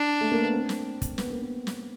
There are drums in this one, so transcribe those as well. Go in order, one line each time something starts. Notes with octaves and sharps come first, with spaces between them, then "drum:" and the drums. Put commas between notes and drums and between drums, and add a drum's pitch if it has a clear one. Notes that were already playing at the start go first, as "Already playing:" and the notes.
Already playing: D4
A3
A#3
B3
C4
drum: snare
drum: kick, hi-hat
B3, drum: snare
A#3
B3
drum: snare